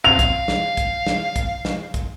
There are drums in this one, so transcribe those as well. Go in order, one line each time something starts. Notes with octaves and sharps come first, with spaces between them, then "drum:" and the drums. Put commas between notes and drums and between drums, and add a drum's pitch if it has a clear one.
F5 F7
drum: kick, hi-hat
drum: snare
drum: kick, hi-hat
drum: snare
drum: kick, hi-hat
drum: snare
drum: kick, hi-hat